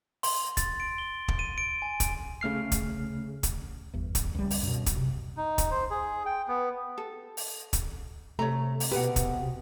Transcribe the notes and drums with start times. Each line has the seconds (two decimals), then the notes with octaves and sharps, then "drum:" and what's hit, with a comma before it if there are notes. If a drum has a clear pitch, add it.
0.23 C6, drum: open hi-hat
0.57 A6, drum: kick, hi-hat
0.80 D7
0.98 G7
1.28 drum: kick
1.39 D#7
1.58 D7
1.82 G#5
2.00 drum: kick, hi-hat
2.41 C#3 A3 F6 C7
2.72 drum: kick, hi-hat
3.43 drum: kick, hi-hat
3.93 G1 E2
4.15 drum: kick, hi-hat
4.35 C#2 G3
4.51 drum: open hi-hat
4.63 F#2 B2
4.86 drum: kick, hi-hat
4.96 C3
5.37 D#4
5.58 drum: kick, hi-hat
5.71 C5
5.91 G#4
6.26 G5
6.48 B3
6.98 A4
7.37 drum: open hi-hat
7.73 drum: kick, hi-hat
8.39 C3 A3 C#5 A#5
8.80 drum: open hi-hat
8.92 B2 G4 B4 F#5
9.16 drum: kick, hi-hat